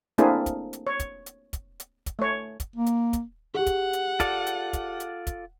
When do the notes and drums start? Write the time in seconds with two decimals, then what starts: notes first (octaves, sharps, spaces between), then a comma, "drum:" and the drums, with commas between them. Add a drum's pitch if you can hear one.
0.18 A3 A#3 C4 D4 E4 G#4, drum: hi-hat
0.46 drum: kick, hi-hat
0.73 drum: hi-hat
0.87 C#5
1.00 drum: kick, hi-hat
1.26 drum: hi-hat
1.53 drum: kick, hi-hat
1.80 drum: hi-hat
2.06 drum: kick, hi-hat
2.19 A3 C#5
2.60 drum: kick, hi-hat
2.76 A#3
2.86 drum: hi-hat
3.13 drum: kick, hi-hat
3.54 G4 G#4 F#5
3.66 drum: kick, hi-hat
3.93 drum: hi-hat
4.20 F4 A4 D5, drum: kick, hi-hat
4.47 drum: hi-hat
4.73 drum: kick, hi-hat
5.00 drum: hi-hat
5.27 drum: kick, hi-hat